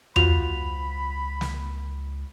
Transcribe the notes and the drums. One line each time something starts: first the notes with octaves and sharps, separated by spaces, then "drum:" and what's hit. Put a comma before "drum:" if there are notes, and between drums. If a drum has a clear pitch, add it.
C#2 F4 F#4 C5 B5 F7, drum: tom E2
drum: snare